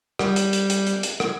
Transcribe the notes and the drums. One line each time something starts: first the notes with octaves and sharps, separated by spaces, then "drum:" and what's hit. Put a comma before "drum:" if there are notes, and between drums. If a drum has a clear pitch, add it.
G3, drum: rim click
drum: hi-hat
drum: hi-hat
drum: hi-hat
drum: hi-hat
drum: hi-hat
drum: rim click